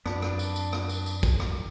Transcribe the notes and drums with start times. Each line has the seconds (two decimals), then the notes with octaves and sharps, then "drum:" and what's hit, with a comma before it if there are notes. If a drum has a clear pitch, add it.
0.06 F#2 C4 D4 B4, drum: rim click
0.22 drum: rim click
0.39 drum: tambourine
0.56 drum: tambourine
0.73 drum: rim click
0.89 drum: tambourine
1.06 drum: tambourine
1.23 drum: kick, tambourine
1.40 drum: rim click